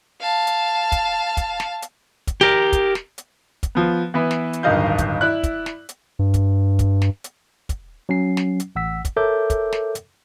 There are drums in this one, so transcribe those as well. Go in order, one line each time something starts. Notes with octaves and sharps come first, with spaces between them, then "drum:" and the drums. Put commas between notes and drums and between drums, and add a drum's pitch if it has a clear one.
F5 A5
drum: hi-hat
drum: kick, hi-hat
drum: kick, hi-hat
drum: snare
drum: hi-hat
drum: kick, hi-hat
G4 A#4
drum: kick, hi-hat
drum: snare
drum: hi-hat
drum: kick, hi-hat
F3 B3
E3 B3 E4
drum: snare
drum: hi-hat
D1 G2 D#3 D#5 F5 G6
drum: kick, hi-hat
E4 D5 F#6
drum: kick, hi-hat
drum: snare
drum: hi-hat
G2
drum: kick, hi-hat
drum: kick, hi-hat
drum: snare
drum: hi-hat
drum: kick, hi-hat
F#3 C#4 C7
drum: snare
drum: hi-hat
A1 F#5 E6 B6
drum: kick, hi-hat
A4 A#4 C#5 E5 D6 G6
drum: kick, hi-hat
drum: snare
drum: hi-hat